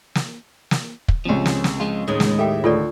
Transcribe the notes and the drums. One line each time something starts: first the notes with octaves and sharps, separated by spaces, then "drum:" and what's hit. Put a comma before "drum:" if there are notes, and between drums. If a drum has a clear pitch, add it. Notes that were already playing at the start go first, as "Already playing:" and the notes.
drum: snare
drum: snare
drum: kick
C#2 C3 F3 C#4
drum: snare
drum: snare
F3 G#3 F4
D#2 A2 D#3 G#3
drum: snare
G4 A4 E5 G5
D2 F4 A4 D5